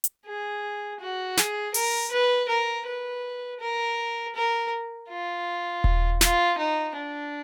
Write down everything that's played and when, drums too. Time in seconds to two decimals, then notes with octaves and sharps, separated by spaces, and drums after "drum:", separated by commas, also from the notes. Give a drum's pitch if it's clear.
0.04 drum: hi-hat
0.26 G#4
1.00 F#4
1.37 G#4, drum: snare
1.74 A#4, drum: open hi-hat
2.11 B4
2.49 A#4
2.86 B4
3.60 A#4
4.35 A#4
5.09 F4
5.84 drum: kick D#1
6.21 F4, drum: snare
6.58 D#4
6.95 D4